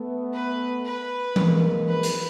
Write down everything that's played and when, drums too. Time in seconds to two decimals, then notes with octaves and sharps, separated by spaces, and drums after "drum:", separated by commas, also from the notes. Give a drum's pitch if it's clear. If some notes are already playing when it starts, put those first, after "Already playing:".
Already playing: A3 B3
0.34 B4
0.85 B4
1.36 G#3 A#3, drum: tom E3
1.87 B4
2.03 drum: hi-hat